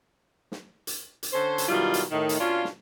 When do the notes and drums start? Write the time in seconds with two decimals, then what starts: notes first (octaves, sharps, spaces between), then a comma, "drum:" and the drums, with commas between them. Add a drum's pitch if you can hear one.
0.52 drum: snare
0.87 drum: hi-hat
1.23 drum: hi-hat
1.33 D3 C#4 A4 C5
1.58 drum: hi-hat
1.68 B2 D#3 F#3 G3 E4 F4
1.94 drum: hi-hat
2.11 A2 D#3
2.29 drum: hi-hat
2.39 B2 C#4 D4 F4
2.65 drum: snare